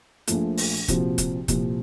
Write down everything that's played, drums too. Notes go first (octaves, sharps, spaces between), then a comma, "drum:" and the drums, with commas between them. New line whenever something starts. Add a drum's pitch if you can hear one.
A#1 A#2 F3 A3, drum: hi-hat
drum: open hi-hat
C2 A#2 F3 C4 F#4, drum: kick, hi-hat
drum: kick, hi-hat
C2 A#2 F3, drum: kick, hi-hat